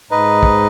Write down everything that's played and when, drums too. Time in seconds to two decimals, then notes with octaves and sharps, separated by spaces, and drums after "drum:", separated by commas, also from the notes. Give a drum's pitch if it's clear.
0.11 G#2 D#4 B4 D#5
0.43 drum: kick